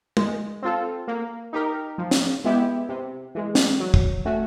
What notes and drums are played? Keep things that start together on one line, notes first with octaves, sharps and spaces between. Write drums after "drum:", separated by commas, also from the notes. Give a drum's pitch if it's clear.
G#3, drum: tom
C4 F4 A4
A#3
D#4 G4 A#4
F3
drum: snare
G#3 B3 E4 G4
C3
E3 G#3
drum: snare
F#3
drum: kick
A3 C#4 F#4